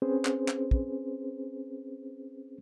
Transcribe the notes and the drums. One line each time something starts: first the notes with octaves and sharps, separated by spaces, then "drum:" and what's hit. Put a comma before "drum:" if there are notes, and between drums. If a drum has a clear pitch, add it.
C4 C#4 G#4 B4 C5
drum: clap
drum: clap
drum: kick